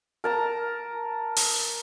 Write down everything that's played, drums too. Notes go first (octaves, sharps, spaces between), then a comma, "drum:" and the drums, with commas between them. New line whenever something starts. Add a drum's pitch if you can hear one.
A#4 A5 A#5
drum: open hi-hat